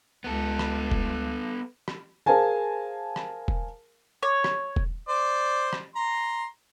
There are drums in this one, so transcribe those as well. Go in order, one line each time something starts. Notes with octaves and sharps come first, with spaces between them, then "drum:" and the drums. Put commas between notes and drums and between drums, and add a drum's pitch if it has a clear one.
C#2 B3 A4
drum: rim click
drum: kick E1
drum: rim click
G#4 A#4 C5 F5 G#5 A5
drum: rim click
drum: kick E1
C#5
drum: rim click
drum: kick E1
C5 D5
drum: rim click
A#5 C6